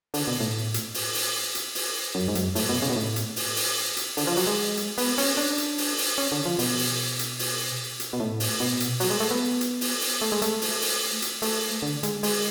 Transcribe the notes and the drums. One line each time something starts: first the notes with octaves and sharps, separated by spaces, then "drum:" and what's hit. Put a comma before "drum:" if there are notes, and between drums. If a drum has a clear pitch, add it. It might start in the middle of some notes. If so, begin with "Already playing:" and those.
D3, drum: open hi-hat
B2
A2
drum: hi-hat
drum: open hi-hat
drum: open hi-hat
drum: hi-hat
drum: open hi-hat
F#2
G#2
F#2, drum: hi-hat
A2, drum: open hi-hat
B2
C#3
B2
A2
drum: hi-hat
drum: open hi-hat
drum: open hi-hat
drum: hi-hat
D3, drum: open hi-hat
F3
F#3, drum: open hi-hat
G#3
drum: hi-hat
B3, drum: open hi-hat
C#4, drum: open hi-hat
D4
drum: hi-hat
drum: open hi-hat
drum: open hi-hat
C#4
D3
F3
B2, drum: open hi-hat
drum: open hi-hat
drum: hi-hat
drum: open hi-hat
drum: hi-hat
B2
A2
drum: open hi-hat
B2
drum: hi-hat
F#3, drum: open hi-hat
G#3
A3
B3
drum: hi-hat
drum: open hi-hat
drum: open hi-hat
A3
G#3
A3, drum: hi-hat
drum: open hi-hat
drum: open hi-hat
drum: hi-hat
A3, drum: open hi-hat
D3
G#3, drum: hi-hat
G#3, drum: open hi-hat